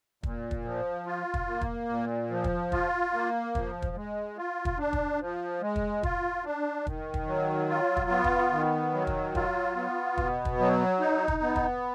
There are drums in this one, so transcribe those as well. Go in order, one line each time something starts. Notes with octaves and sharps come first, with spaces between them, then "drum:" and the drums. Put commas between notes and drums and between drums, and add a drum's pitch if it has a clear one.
A#2, drum: kick
drum: kick
F3
F4
drum: kick
A#3
drum: kick
A#2
F3
drum: kick
F4, drum: kick
A#3
F3, drum: kick
drum: kick
G#3
F4
drum: kick
D4
drum: kick
F3
G#3
drum: kick
F4, drum: kick
D4
D#3, drum: kick
drum: kick
F#3
F4
drum: kick
B3
drum: kick
D#3
F#3
drum: kick
F4, drum: kick
B3
B2, drum: kick
drum: kick
F#3
D#4
drum: kick
B3
drum: kick